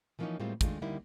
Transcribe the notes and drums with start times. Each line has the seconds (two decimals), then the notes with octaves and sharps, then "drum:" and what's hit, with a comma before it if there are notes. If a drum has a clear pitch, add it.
0.19 E3 F3 A#3 C4 C#4 D#4
0.40 A2 G3 G#3 A#3 C4 F4
0.61 D#3 G#3 A3 D4 D#4 F4, drum: kick, hi-hat
0.82 D3 G3 A#3 D#4 E4